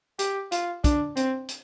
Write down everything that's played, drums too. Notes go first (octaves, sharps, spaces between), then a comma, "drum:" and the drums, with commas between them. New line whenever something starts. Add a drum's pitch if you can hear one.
G4, drum: hi-hat
F4, drum: hi-hat
D4, drum: kick, hi-hat
C4, drum: hi-hat
drum: hi-hat